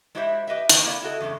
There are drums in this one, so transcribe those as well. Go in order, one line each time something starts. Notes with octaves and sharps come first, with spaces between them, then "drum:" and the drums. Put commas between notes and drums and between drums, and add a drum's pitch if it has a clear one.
G#3 E4 F#4 G4 C5 E5
G4 B4 D#5 E5
A2 D#3 C4 B4 G5, drum: hi-hat
A#3 E4 A4 D5
E4 F#4 A4 D#5
E2 G2 C#3 A3